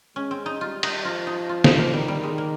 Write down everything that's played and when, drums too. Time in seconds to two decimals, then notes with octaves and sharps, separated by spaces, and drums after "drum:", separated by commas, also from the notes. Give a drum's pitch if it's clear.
0.16 G#3 C#4
0.31 C4
0.46 D#4
0.60 G3 F4
0.83 D#4, drum: cymbal
1.05 F3 F4
1.27 D#4
1.49 F4
1.64 D#4, drum: snare
1.78 A#3
1.93 D#3 G3
2.08 G3
2.23 G#3
2.38 A#3